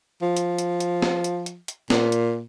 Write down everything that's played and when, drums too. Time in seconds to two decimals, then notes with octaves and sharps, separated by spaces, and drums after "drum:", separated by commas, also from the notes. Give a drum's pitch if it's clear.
0.22 F3
0.37 drum: hi-hat
0.58 drum: hi-hat
0.80 drum: hi-hat
1.02 drum: snare
1.24 drum: hi-hat
1.46 drum: hi-hat
1.68 drum: hi-hat
1.90 A#2, drum: snare
2.12 drum: hi-hat